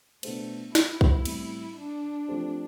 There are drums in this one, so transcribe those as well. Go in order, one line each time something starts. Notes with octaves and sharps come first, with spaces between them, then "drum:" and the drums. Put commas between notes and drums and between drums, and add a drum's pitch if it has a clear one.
B2 A3 B3 D4 A4 C5, drum: cymbal
E4, drum: snare
drum: kick
A2 G3 C4, drum: cymbal
D4
F3 A3 C4 G4 C5